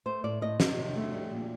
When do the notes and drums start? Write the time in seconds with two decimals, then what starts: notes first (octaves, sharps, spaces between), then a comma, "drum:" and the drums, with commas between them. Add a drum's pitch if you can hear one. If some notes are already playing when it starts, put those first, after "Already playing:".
0.06 A3 C5
0.24 A2 D5
0.41 A2 D#5
0.60 D#3, drum: snare
0.78 C3
0.96 A3
1.14 G3
1.32 A#2